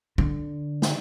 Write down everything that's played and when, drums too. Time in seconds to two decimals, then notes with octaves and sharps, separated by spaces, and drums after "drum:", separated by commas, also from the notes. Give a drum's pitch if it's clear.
0.18 D3
0.82 drum: snare